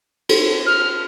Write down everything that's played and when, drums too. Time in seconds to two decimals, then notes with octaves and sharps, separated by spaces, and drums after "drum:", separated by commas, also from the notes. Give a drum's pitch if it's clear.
0.29 drum: cymbal
0.66 F6